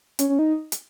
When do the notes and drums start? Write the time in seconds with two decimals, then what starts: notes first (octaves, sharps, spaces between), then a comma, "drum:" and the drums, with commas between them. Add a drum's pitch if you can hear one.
0.19 C#4, drum: hi-hat
0.29 C#4
0.39 D#4
0.72 drum: hi-hat